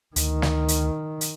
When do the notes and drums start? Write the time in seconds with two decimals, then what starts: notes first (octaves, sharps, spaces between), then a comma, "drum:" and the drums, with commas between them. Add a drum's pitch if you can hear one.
0.16 D2 D#3, drum: hi-hat
0.42 drum: snare
0.68 drum: hi-hat
1.21 drum: hi-hat